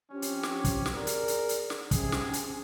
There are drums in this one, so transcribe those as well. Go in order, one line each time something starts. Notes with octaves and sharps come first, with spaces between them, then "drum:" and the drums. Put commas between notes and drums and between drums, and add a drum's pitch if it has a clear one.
F3 C4 C#4 G4
drum: hi-hat
drum: snare
drum: kick, hi-hat
drum: snare
G#4 A#4 D5
drum: hi-hat
drum: hi-hat
drum: hi-hat
drum: snare
C3 C#4 G#4, drum: kick, hi-hat
drum: snare
drum: hi-hat